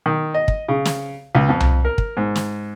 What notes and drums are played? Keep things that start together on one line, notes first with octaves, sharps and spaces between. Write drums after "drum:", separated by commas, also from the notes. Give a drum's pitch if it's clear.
D#3
D#5
drum: kick
C#3
drum: snare
C#2
F2
drum: tom C2
A#4
drum: kick
G#2
drum: snare